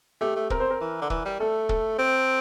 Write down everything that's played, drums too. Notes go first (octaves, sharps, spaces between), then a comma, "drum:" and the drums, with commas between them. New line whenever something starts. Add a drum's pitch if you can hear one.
A3 G4
A3
C4 A#4, drum: kick
C5
A#4
E3
D3
E3, drum: kick
G3
A3 A4
A4, drum: kick
C4